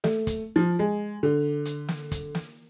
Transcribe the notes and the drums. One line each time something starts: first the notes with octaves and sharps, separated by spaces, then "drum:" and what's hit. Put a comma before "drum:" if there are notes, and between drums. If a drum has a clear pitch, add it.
A3, drum: snare
drum: kick, hi-hat
F3
G#3
D3
drum: hi-hat
drum: snare
drum: kick, hi-hat
drum: snare